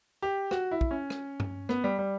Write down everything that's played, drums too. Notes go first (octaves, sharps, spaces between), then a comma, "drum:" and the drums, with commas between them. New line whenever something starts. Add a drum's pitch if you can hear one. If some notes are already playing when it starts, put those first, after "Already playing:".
G4
F#4, drum: rim click
E4
drum: kick
C#4
drum: rim click
drum: tom
B3, drum: rim click
G3
G3